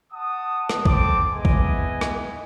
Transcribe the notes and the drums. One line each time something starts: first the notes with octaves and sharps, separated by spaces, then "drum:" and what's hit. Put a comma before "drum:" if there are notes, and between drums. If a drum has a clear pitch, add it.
F#5 A5 D#6
drum: rim click
C4 A4 A5 D6, drum: kick
B3 E4 G#4 D#5 G#5
drum: kick
drum: rim click